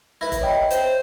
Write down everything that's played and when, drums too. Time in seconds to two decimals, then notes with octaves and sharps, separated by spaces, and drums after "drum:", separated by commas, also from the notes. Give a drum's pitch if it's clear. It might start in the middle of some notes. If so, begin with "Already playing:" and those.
0.21 E4 B4 A#6
0.32 drum: kick, hi-hat
0.41 C#5 D#5 G5
0.70 C5, drum: hi-hat